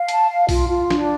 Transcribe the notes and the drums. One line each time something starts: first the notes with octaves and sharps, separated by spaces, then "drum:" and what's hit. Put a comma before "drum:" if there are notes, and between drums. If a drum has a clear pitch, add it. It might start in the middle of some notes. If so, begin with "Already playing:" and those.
Already playing: F5
A5, drum: hi-hat
F5
F4, drum: kick B1, open hi-hat
F4
D4, drum: snare